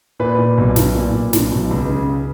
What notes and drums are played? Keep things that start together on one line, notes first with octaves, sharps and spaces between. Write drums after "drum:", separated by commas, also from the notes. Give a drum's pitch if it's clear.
A#2 B4
A#2
B1
B1, drum: snare
A#2
A#2
B1, drum: snare
B1
C#2
C#3